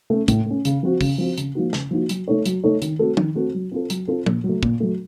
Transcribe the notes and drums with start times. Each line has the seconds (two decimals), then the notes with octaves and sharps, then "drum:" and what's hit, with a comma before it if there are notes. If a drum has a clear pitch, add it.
0.10 A3 C#4
0.28 A2, drum: kick, hi-hat
0.46 A3 C#4
0.65 C#3, drum: hi-hat
0.83 F3 C4 F#4
1.01 C#3, drum: kick, open hi-hat
1.18 F3 C4 F#4
1.38 C#3, drum: hi-hat
1.55 F3 A#3 D#4 F#4
1.73 C#3, drum: snare
1.91 F3 A#3 D#4 F#4
2.09 F#3, drum: hi-hat
2.28 A3 D#4 A4 C#5
2.46 F#3, drum: hi-hat
2.64 A3 D#4 A4 C#5
2.82 D#3, drum: hi-hat
2.99 A3 C4 F#4 A4
3.17 D#3, drum: tom
3.35 A3 C4 F#4 A4
3.54 F#3
3.72 C4 F4 A4
3.90 F#3, drum: hi-hat
4.08 C4 F4 A4
4.26 A#2, drum: tom
4.44 F#3 A3
4.63 A#2, drum: kick
4.80 F#3 A3